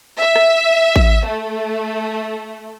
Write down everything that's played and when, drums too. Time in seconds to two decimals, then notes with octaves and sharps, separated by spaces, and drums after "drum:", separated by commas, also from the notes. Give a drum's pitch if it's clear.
0.18 E5
0.36 drum: rim click
0.96 drum: kick A1
1.26 A3